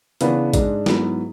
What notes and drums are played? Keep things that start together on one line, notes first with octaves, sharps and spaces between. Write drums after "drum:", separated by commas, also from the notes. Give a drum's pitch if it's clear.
C#3 E3 B3 D4, drum: hi-hat
G#2 G#3 D4, drum: kick, hi-hat
G#2 F#3 B3 E4, drum: snare